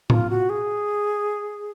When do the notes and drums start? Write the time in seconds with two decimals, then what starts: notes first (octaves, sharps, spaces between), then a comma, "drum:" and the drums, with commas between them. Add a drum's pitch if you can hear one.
0.10 F4, drum: tom A2
0.30 F#4
0.50 G#4